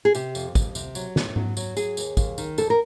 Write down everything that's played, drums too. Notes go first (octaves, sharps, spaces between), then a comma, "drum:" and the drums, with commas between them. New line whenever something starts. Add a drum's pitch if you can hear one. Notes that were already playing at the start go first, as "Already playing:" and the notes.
G#4
C3 G4, drum: tambourine
F2, drum: tambourine
F2, drum: kick, tambourine
C3, drum: tambourine
F#3, drum: tambourine
A2, drum: snare
F#3, drum: tom G#2
F#3, drum: tambourine
F#3 G#4, drum: tambourine
D#2, drum: tambourine
D#2, drum: kick, tambourine
D#3, drum: tambourine
F2 A4, drum: tambourine
A#4